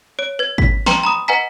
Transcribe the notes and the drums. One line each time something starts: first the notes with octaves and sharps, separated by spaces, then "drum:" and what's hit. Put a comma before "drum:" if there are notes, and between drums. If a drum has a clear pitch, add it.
C#5 D7
B4 G#6
B6, drum: kick
B4 G5 A#5 C6, drum: snare
A#5 B5 D#6
B4 D#5 F#5 G#5 A#5 B6